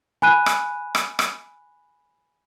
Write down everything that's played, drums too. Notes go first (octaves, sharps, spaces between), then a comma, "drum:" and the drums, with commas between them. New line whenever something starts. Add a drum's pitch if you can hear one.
G#5 B5 F#6 D#7
drum: rim click
drum: rim click
drum: rim click